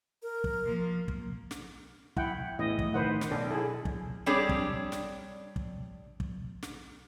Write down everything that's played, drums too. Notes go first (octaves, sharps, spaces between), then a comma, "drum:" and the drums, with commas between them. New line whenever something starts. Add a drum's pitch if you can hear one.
A#4
drum: kick
F3 A#3
drum: kick
drum: snare
E4 F#5 G5, drum: kick
E2 A2 E3 D#5
drum: kick
D#3 B4 C5 F#5
drum: snare
B1 D4
E4 G#4 A4
drum: kick
G3 C4 D4 G4 G#4 C#5
drum: kick
drum: snare
drum: kick
drum: kick
drum: snare